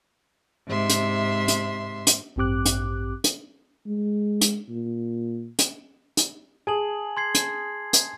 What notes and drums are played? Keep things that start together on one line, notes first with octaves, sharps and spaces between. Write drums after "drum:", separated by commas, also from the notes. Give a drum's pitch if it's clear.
G#2 C3 E5 C6
drum: hi-hat
drum: hi-hat
drum: hi-hat
A1 G2 C4 G4 D6 F#6
drum: hi-hat
drum: hi-hat
G#3
drum: hi-hat
A#2
drum: hi-hat
drum: hi-hat
G#4 G#5 A5 F#7
C6 G#6 C7
drum: hi-hat
drum: hi-hat